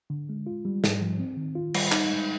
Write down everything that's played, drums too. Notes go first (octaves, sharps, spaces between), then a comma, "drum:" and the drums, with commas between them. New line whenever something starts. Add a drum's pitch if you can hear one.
D3
G#3
F4
G3
G#2, drum: snare
F3
C4
D#3
F4
G3, drum: cymbal
D#4, drum: clap
G#3